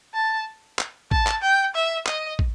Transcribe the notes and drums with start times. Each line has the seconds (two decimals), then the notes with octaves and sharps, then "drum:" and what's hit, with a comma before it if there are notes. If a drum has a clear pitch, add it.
0.14 A5
0.79 drum: clap
1.11 A5, drum: kick
1.27 drum: clap
1.42 G5
1.75 E5
2.06 D#5, drum: clap
2.39 drum: kick